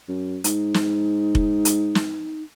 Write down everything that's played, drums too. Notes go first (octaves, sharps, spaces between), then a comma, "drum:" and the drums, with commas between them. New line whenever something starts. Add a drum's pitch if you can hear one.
F#2
G#2 D#4, drum: hi-hat
drum: snare
drum: kick F1
drum: hi-hat
drum: snare